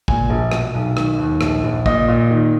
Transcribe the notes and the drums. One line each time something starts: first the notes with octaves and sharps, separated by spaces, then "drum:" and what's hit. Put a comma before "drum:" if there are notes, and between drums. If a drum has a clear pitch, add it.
A#2 G#5, drum: kick
A#1
B2, drum: rim click
B1
D#3, drum: rim click
D#2
A#1, drum: rim click
A#1
A#2 D#5, drum: kick
A#2
D#3